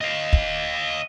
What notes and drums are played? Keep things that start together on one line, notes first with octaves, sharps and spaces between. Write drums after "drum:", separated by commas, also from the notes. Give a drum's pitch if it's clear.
D#5 F5
drum: kick